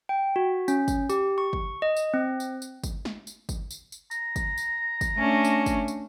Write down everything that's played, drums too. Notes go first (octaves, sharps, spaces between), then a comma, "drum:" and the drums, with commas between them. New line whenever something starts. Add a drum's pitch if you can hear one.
G5
F#4
C#4, drum: tambourine
drum: kick, tambourine
G4, drum: tambourine
C#6
drum: kick
D#5
drum: tambourine
C4
drum: tambourine
drum: tambourine
drum: kick, tambourine
drum: snare
drum: tambourine
drum: kick, tambourine
drum: tambourine
drum: tambourine
A#5, drum: tambourine
drum: kick, tambourine
drum: tambourine
drum: kick, tambourine
A3 C#4 D4
drum: tambourine
drum: kick, tambourine
drum: tambourine